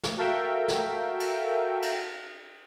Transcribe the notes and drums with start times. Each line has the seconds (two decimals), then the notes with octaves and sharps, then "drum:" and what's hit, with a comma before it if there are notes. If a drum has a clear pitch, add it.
0.03 drum: snare
0.17 F#4 A4 A#4 E5 F5 G5
0.68 drum: snare
1.20 drum: cymbal
1.82 drum: cymbal